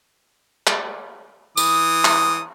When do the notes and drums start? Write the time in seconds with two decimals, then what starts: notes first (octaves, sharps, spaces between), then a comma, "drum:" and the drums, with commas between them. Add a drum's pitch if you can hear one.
0.67 drum: clap
1.57 E3 D#6, drum: tambourine
2.05 drum: clap